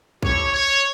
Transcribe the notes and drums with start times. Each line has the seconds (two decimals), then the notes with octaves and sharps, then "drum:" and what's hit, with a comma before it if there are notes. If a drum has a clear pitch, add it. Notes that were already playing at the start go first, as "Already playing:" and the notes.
0.23 A3 E4 G4 C#5, drum: kick A#1
0.52 C#5